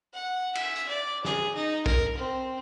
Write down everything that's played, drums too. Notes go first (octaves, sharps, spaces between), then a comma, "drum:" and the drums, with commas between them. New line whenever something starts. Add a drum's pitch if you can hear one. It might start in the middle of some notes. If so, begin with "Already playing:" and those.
F#5
E5, drum: cymbal
drum: hi-hat
D5
G#4, drum: snare
D#4
A#4, drum: kick
C4